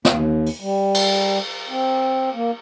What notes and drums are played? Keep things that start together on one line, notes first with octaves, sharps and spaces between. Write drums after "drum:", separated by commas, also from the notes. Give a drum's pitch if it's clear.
D#2, drum: snare
drum: open hi-hat
G3
drum: cymbal
C4
A#3